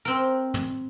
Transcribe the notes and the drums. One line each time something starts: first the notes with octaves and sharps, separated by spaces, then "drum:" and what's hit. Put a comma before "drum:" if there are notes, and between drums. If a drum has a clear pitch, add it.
C4 A#4
drum: tom